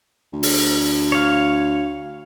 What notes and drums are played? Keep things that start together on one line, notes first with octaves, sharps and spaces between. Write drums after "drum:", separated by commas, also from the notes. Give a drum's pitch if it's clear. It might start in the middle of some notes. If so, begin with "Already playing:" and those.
D2
drum: open hi-hat
C#5 F5